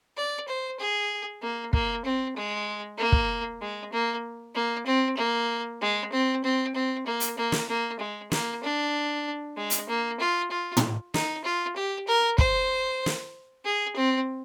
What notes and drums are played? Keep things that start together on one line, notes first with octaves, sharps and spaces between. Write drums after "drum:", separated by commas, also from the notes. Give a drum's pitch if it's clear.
D5
C5
G#4
A#3
A#3, drum: kick
C4
G#3
A#3
drum: kick
G#3
A#3
A#3
C4
A#3
G#3
C4
C4
C4
A#3
drum: hi-hat
A#3
drum: snare
A#3
G#3
A#3, drum: snare
D4
G#3
drum: hi-hat
A#3
F4
F4
drum: tom
D#4, drum: snare
F4
G4
A#4
C5, drum: kick
drum: snare
G#4
C4